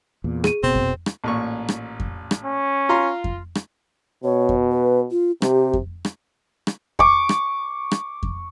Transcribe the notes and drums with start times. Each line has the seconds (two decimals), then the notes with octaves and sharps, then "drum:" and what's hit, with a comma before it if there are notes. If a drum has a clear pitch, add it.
0.24 E2 A#2
0.44 G#4 D#7, drum: rim click
0.63 F1 B2 B3 C4
0.75 drum: kick F2
1.06 drum: rim click
1.24 A1 A#2 C#6
1.68 drum: rim click
2.00 drum: kick F2
2.31 drum: rim click
2.44 C#4
2.89 F4 A#5 C6
3.24 drum: kick F2
3.55 drum: rim click
4.24 B2 C#5
4.49 drum: kick F2
4.71 B4
5.11 F4
5.42 C3 G4, drum: rim click
5.73 drum: kick F2
6.05 drum: rim click
6.67 drum: rim click
6.99 C#6 D6, drum: kick F2
7.29 drum: rim click
7.91 drum: rim click
8.23 drum: kick F2